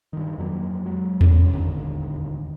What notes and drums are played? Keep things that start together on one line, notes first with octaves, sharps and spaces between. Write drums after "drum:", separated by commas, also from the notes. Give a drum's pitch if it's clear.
G2 D#3
F2 F#3 A3 A#3
F#3 G#3
G1 G3 C#4, drum: tom E2
D#1 G#1 D#2 D3